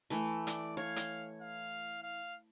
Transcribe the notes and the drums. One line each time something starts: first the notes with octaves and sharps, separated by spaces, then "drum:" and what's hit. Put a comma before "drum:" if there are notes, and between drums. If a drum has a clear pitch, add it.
E3 A3
D5, drum: hi-hat
C#5 F5
drum: hi-hat
F5
F5